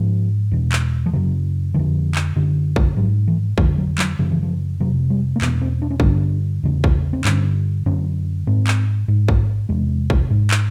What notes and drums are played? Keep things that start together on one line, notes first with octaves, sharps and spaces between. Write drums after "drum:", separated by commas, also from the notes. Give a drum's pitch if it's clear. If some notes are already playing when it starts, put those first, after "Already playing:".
Already playing: G#2 F3
E2 B2
drum: clap
F3
F#2 C#3 F#3
F2 D3 F3
drum: clap
F#2 D3
drum: kick
G#2 F#3
E3
F2 D3 F3, drum: kick
F#3
F#3, drum: clap
F#2 C#3 F3
E3
F3
F2 C3 F#3
G3
A#3
E2 B2 B3, drum: clap
C4
D4
C#4
G2 D3 D4, drum: kick
E2 C#3
drum: kick
C4
G2 D3 C#4, drum: clap
F#2 D3 C#4
G#2 C4
drum: clap
G#2
drum: kick
E2 C3 G#3
drum: kick
G#2
drum: clap